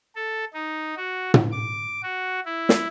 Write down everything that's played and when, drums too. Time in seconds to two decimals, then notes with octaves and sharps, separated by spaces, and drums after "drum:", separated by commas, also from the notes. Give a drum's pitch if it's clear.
0.15 A4
0.53 D#4
0.97 F#4
1.34 drum: tom
1.52 D6
2.03 F#4
2.46 E4
2.69 drum: snare